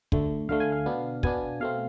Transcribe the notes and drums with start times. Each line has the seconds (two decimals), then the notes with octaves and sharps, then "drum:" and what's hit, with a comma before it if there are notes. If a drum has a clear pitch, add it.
0.12 D2 D3 A3, drum: kick
0.49 D2 D3 A3 F5
0.60 G#5
0.72 F5
0.86 B2 B3 D4
1.23 B2 B3 D4 G#5, drum: kick
1.60 B2 A3 C4 F5